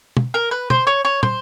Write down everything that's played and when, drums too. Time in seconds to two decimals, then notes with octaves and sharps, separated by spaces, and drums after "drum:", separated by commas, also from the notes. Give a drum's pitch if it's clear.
0.17 drum: tom
0.34 A#4
0.51 B4
0.70 C5, drum: tom
0.87 C#5
1.05 C#5
1.23 C5, drum: tom